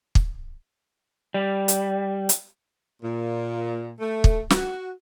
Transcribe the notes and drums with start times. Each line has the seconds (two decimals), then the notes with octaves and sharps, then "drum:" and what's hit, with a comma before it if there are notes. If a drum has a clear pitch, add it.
0.15 drum: kick
1.34 G3
1.68 drum: hi-hat
2.29 drum: hi-hat
3.03 A#2
4.00 A3
4.24 drum: kick
4.50 F#4, drum: snare